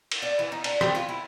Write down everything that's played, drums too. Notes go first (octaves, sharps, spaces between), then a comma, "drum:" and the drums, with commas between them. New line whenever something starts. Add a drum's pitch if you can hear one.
drum: cymbal
D5
E3
D#4
D4, drum: cymbal
G3, drum: rim click
F4
E4